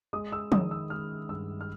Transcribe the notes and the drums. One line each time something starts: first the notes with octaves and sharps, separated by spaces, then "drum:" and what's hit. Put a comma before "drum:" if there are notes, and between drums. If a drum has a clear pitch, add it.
G#3 D#6
E6
D#3 D#6, drum: tom F3
E6
G#3 F6
G2 E6
F6